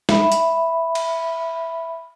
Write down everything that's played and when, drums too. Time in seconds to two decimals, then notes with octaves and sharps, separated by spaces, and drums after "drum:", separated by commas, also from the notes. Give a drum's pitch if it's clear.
0.09 E5 B5, drum: snare
0.32 drum: hi-hat
0.95 drum: cymbal